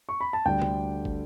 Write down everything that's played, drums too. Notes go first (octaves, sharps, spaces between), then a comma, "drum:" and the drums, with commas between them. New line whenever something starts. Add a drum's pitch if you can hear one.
C#6
B5
A5
D2 D3 G3 D4 G5
drum: tom
drum: kick